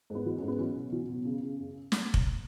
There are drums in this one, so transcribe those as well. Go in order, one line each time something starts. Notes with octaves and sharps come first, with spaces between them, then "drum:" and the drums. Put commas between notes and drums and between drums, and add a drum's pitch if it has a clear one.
G#2 B3
F#3
C#4
G#2
B3
F#3 C#4
B2
F#3
B2
C#3
C#3
F#2
drum: snare
drum: kick F1